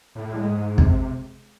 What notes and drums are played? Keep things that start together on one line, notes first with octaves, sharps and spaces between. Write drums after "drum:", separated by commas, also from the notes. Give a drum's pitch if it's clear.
A2
G#3
G#2
C3, drum: kick